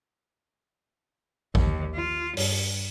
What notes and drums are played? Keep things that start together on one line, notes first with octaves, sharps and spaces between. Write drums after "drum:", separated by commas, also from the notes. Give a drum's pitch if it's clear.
D#2, drum: kick A1
F4
G2, drum: open hi-hat